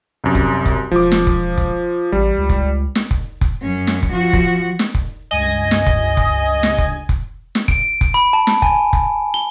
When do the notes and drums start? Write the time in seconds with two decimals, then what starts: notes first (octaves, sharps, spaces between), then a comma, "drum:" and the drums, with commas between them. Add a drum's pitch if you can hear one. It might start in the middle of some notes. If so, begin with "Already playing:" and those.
0.24 C2 F#2
0.35 drum: kick F1
0.66 drum: kick F1
0.91 E1 F3 D6
1.12 drum: snare
1.27 drum: kick F1
1.58 drum: kick F1
2.12 A1 G3
2.38 C#2
2.49 drum: kick F1
2.95 drum: snare
3.11 drum: kick F1
3.41 drum: kick F1
3.62 F#2 C#4
3.87 drum: snare
4.03 drum: kick F1
4.12 F3 F#4
4.33 drum: kick F1
4.79 drum: snare
4.95 drum: kick F1
5.31 C#2 G2 D#5 G#5
5.71 drum: snare
5.86 drum: kick F1
6.17 drum: kick F1
6.63 drum: snare
6.78 drum: kick F1
7.09 drum: kick F1
7.55 drum: snare
7.68 D7, drum: kick F1
8.01 drum: kick F1
8.14 B5
8.33 A5
8.47 drum: snare
8.62 G#5, drum: kick F1
8.93 drum: kick F1
9.34 G7